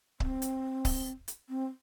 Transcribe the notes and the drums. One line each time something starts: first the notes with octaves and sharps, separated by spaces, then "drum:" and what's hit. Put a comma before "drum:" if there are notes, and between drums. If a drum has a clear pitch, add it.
C4, drum: kick C#1
drum: hi-hat
drum: kick C#1, open hi-hat
drum: hi-hat
C4